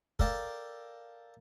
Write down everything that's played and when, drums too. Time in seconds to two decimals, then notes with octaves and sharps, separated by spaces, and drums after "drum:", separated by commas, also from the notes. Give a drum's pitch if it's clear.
0.19 A4 A#4 D5 F5 G5 A5, drum: kick